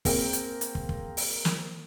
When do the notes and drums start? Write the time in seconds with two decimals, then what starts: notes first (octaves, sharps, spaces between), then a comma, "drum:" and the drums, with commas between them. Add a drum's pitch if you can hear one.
0.05 A#3 C4 G#4 A#4 C5 G5, drum: kick, open hi-hat
0.33 drum: hi-hat
0.61 drum: hi-hat
0.75 drum: kick
0.89 drum: kick
1.17 drum: open hi-hat
1.45 drum: snare